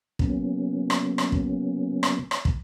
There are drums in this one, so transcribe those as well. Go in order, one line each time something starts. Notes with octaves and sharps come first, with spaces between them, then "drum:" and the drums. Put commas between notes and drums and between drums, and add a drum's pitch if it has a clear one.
C#3 F#3 A#3 B3 C#4, drum: kick
drum: rim click
drum: rim click
drum: kick
drum: rim click
drum: rim click
drum: kick